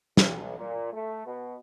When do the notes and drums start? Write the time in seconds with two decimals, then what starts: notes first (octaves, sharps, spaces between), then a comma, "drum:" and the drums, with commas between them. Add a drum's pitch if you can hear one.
0.17 B1, drum: snare
0.58 A#2
0.92 A3
1.26 B2